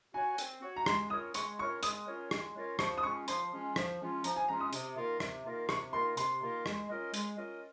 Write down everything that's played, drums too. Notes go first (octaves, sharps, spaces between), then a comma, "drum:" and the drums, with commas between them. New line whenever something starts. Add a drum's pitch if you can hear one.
F#4 C#5 G#5
C4, drum: hi-hat
F#4 C#5
A#5
G#3 C6, drum: rim click
C#4 F4 A#4 C#5 D#6
G#3 C#6, drum: hi-hat
C#4 F4 A#4 C#5 C#6
G#3 D#6, drum: hi-hat
C#4 F4 A#4 C#5
G#3, drum: rim click
C#4 F4 A#4 C#5
F3 C#6, drum: rim click
D#6
G#3 C#4 F4 C#6
F3 C6, drum: hi-hat
G#3 C#4 F4
F3, drum: rim click
G#3 C#4 F4
F3 A#5, drum: hi-hat
G#5
G#3 C#4 F4 A#5
D#6
C3, drum: hi-hat
D#3 A#3 F4 A#4
C3, drum: rim click
D#3 A#3 F4 A#4
C3 C#6, drum: rim click
D#3 A#3 F4 A#4 C6
C3 C6, drum: hi-hat
D#3 A#3 F4 A#4
G#3, drum: rim click
C#4 F4 A#4 D#5
G#3, drum: hi-hat
C#4 F4 A#4 D#5